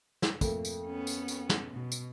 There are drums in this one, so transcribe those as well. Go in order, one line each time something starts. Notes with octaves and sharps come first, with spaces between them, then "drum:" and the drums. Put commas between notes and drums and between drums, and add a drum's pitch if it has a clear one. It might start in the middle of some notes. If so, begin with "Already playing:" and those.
drum: snare
F2 A3 A#3, drum: kick, tambourine
drum: tambourine
B3 C#4
drum: tambourine
drum: tambourine
drum: snare
B2
drum: tambourine